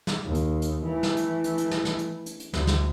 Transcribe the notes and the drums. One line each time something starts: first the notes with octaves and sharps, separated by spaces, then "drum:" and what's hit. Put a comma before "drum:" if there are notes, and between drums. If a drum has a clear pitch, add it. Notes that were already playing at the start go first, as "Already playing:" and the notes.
drum: snare
D#2
drum: hi-hat
drum: hi-hat
E3 A3
drum: snare
drum: hi-hat
drum: hi-hat
drum: hi-hat
drum: snare
drum: snare
drum: hi-hat
drum: hi-hat
drum: hi-hat
D2, drum: snare
drum: snare